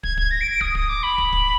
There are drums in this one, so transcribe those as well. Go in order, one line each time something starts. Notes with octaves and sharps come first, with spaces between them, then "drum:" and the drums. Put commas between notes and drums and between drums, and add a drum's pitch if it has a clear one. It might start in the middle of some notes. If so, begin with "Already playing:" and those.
G#6, drum: kick
G#6, drum: kick
A#6
D7
D7
D#6, drum: kick
D#6, drum: kick
D6
B5
drum: kick
drum: kick